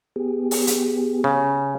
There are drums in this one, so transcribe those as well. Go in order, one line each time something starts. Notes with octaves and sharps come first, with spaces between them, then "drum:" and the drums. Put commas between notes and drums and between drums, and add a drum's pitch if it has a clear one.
B3 G4 G#4
drum: open hi-hat
drum: hi-hat
C#3